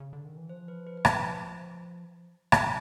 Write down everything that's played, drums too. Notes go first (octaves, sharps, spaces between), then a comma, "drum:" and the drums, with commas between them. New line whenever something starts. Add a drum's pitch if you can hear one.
C#3
D3
D#3
E3
F3 C5
B4
B4
B4
C5, drum: rim click
drum: rim click